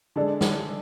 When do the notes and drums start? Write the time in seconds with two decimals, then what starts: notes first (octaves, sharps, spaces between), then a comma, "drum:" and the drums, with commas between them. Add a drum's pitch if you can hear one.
0.16 D3 G#3 D4 A4 D5
0.41 drum: snare